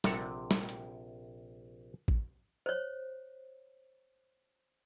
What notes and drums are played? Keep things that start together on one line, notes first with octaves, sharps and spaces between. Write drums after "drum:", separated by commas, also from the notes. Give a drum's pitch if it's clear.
A#1 C3 A4 F#5 A#5, drum: snare
drum: snare
drum: hi-hat
drum: kick
C5 C#5